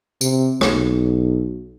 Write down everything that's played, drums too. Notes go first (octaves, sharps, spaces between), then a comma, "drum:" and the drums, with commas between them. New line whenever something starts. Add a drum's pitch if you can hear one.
C3, drum: tambourine
B1, drum: rim click